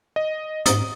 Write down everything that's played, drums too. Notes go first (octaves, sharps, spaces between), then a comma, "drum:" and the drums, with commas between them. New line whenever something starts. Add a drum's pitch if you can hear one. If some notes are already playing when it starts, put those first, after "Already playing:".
D#5
G#2 D#6, drum: hi-hat